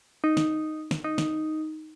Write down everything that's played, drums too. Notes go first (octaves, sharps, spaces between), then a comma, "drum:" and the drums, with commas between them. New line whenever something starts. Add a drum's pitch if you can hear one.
D#4
drum: snare
drum: snare
D#4
drum: snare